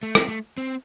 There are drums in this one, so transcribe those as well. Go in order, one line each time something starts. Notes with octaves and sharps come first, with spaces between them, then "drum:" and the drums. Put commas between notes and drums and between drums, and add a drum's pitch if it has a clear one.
A3
C4, drum: rim click
A3
C4